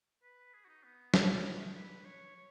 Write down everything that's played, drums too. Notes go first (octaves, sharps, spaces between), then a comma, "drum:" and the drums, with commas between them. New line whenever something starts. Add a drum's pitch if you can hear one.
B4
G#4
F#4
D#4
B3
C#5, drum: snare
B4
C#5
C#5